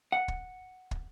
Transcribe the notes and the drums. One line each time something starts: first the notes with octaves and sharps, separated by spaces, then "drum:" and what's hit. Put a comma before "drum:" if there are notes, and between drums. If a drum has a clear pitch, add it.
F#5
drum: kick
drum: kick